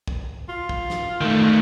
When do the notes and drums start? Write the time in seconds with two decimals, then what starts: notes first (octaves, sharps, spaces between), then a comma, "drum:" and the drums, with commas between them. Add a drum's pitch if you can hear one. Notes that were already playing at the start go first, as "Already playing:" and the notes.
0.07 drum: kick
0.49 F4
0.69 drum: kick
0.90 drum: snare
1.21 D#3 A3